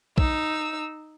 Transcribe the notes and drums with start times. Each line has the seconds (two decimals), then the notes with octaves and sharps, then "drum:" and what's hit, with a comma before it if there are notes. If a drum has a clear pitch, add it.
0.18 D#4 E6, drum: kick